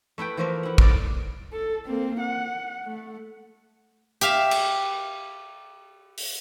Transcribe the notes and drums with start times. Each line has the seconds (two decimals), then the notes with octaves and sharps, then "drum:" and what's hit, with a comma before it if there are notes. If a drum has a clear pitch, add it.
0.18 A3 E4 B4 G5
0.37 E3 F3 A3 A#3 C4 A#4
0.63 E4 F#5
0.78 E4 A#4 D5, drum: kick
1.53 A4
1.86 A#3 C4
2.20 F#5
2.85 A3
4.21 G4 E5 F5, drum: hi-hat
4.51 drum: cymbal
6.18 drum: open hi-hat